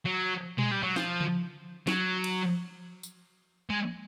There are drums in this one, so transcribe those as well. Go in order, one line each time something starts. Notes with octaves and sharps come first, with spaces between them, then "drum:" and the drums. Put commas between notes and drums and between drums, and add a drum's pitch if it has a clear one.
F#3
G#3, drum: tom A#2
G3
F#3
F3, drum: snare
drum: tom C#3
F#3, drum: snare
drum: cymbal
drum: tambourine
G#3